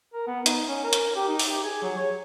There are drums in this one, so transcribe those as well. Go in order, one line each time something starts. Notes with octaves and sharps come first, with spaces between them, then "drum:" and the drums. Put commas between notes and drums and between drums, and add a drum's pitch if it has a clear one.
A#4
B3
D#4, drum: hi-hat
C#4
A#4
drum: hi-hat
G4
D#4
drum: open hi-hat
G4
G#4
F#3
C#5